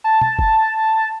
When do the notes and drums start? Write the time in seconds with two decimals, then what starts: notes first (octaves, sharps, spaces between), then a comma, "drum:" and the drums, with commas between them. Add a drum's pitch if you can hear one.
0.04 A5
0.21 drum: tom
0.39 drum: kick F#1